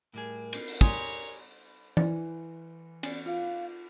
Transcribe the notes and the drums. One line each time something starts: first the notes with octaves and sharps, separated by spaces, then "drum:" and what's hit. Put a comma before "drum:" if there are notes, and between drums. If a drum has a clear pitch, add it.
A2 G3 G#4 A#4
drum: cymbal
drum: open hi-hat
G4 C#5 D5 G#5 A#5 C6 D#6, drum: kick
E3 D5, drum: tom E3
C#4 D5, drum: cymbal
F4 F5